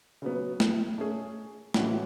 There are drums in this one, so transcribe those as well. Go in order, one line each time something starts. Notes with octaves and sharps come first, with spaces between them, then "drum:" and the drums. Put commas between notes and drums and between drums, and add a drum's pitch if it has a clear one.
C#3 F#3 B3
drum: snare
A3 C#4 G#4
A2 E3 G#3 C#4 F#4, drum: snare